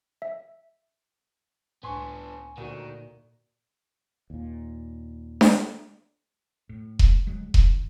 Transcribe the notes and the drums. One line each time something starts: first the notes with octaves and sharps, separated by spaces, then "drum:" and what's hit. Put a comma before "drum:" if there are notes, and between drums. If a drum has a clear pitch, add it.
E5
C#2 A2 B3 D4 G#5 C6 C#6
D2 A#2 D#3 F#4
D#2 A#2
drum: snare D4
A2
drum: kick E1
D2 F#3 G#3
D#3, drum: kick E1